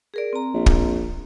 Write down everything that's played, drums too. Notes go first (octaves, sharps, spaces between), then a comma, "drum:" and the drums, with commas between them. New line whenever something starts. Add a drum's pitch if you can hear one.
G#4 A#4 D5
C4 A#5
A#1
drum: kick